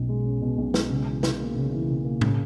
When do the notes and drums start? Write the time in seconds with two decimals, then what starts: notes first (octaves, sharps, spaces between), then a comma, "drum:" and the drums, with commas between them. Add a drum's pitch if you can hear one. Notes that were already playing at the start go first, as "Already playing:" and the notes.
Already playing: B1 B2 C#4
0.09 G#3
0.24 C#4
0.42 B2
0.58 B1
0.74 G#3, drum: snare
0.90 C#3
1.07 E3
1.23 C#3, drum: snare
1.40 A#3
1.56 C#3
1.72 E3
1.88 C#3
2.05 A#3
2.21 C#3, drum: tom A2